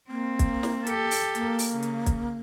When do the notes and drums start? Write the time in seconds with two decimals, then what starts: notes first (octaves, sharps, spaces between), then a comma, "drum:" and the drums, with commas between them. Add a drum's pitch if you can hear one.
0.10 A#3 C4
0.39 drum: kick, hi-hat
0.63 drum: snare
0.87 G4 A4, drum: hi-hat
1.11 drum: open hi-hat
1.35 A#3, drum: hi-hat
1.59 drum: open hi-hat
1.72 C#3
1.83 drum: hi-hat
2.06 drum: kick, hi-hat